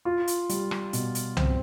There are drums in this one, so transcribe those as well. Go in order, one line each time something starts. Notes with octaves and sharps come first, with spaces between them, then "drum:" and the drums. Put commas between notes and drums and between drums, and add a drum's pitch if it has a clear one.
F4
drum: hi-hat
G3, drum: hi-hat
drum: rim click
B2, drum: hi-hat
drum: hi-hat
C4, drum: tom C2